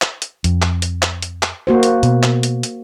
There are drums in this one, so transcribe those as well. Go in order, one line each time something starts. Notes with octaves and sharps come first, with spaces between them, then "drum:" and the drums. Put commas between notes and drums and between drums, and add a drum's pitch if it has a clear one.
drum: clap
drum: hi-hat
F2, drum: hi-hat
drum: clap
drum: hi-hat
drum: clap
drum: hi-hat
drum: clap
A#3 F#4 C5
drum: hi-hat
B2, drum: hi-hat
drum: clap
drum: hi-hat
drum: hi-hat